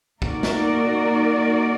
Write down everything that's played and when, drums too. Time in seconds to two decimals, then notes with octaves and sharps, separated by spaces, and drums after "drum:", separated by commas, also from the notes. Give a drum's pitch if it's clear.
0.22 A#3 D#4 F#4 A#4 D5, drum: kick
0.43 drum: snare